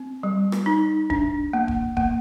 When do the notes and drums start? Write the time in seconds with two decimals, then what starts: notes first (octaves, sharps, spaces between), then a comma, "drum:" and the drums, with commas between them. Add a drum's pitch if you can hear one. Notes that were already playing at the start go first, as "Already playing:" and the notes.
Already playing: C4
0.23 G3
0.52 drum: rim click
0.66 D#4
1.10 D4, drum: kick E1
1.53 A#3
1.68 drum: kick E1
1.97 A#3, drum: kick E1